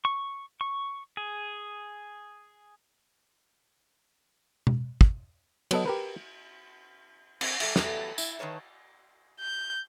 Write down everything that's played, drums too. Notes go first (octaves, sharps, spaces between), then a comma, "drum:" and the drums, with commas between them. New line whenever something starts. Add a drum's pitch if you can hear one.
C#6
C#6
G#4
drum: tom B2
drum: kick
F#3 B3 A4 D#5, drum: cymbal
G4 A#4 B4
C4 C5, drum: cymbal
G3 A4 E5, drum: cymbal
E3 F#3 G3 A3 B3 A4, drum: snare
E4, drum: tambourine
D#3 A#3 B4 C#5 A5
G6